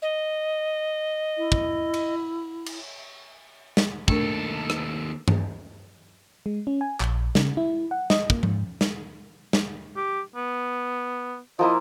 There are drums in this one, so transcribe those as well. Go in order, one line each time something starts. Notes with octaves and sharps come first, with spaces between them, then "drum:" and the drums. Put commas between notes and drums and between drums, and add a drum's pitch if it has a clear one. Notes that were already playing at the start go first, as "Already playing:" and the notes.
D#5
E4
drum: kick
drum: cymbal
drum: cymbal
drum: snare
D#2 A3 D4 A4 A#4, drum: kick
drum: rim click
drum: tom G2
G#3
C#4
G#5
A#1, drum: clap
C#3, drum: snare
E4
F#5
D#5, drum: snare
A#3, drum: kick
G#2, drum: tom F3
drum: snare
drum: snare
G4
B3
F3 A#3 E4 D#5